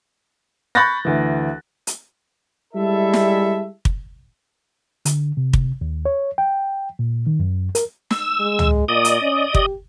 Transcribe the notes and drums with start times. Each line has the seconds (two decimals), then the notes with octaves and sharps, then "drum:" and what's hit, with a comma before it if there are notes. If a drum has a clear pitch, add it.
0.75 B5 C#6 F#6 G6 A6 A#6
1.05 D2 E3
1.87 drum: hi-hat
2.74 G3 G#3 E4 A4 E5
3.14 drum: snare
3.85 drum: kick
5.05 D3, drum: hi-hat
5.37 C3
5.53 drum: kick
5.81 D#2
6.05 C#5
6.38 G5
6.99 A#2
7.27 D#3
7.40 F#2
7.75 A#4, drum: hi-hat
8.11 E6, drum: snare
8.40 G#3
8.59 drum: tom
8.89 A#2 D5 D#5 D#6
9.05 drum: hi-hat
9.22 C#4
9.54 G4, drum: kick